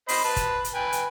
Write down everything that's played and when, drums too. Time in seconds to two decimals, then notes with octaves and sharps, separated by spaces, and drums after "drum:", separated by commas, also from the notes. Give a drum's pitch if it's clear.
0.09 C5 D#5 B5, drum: open hi-hat
0.24 B4 A5
0.36 drum: kick, hi-hat
0.64 drum: hi-hat
0.75 B4 G5 G#5
0.92 drum: hi-hat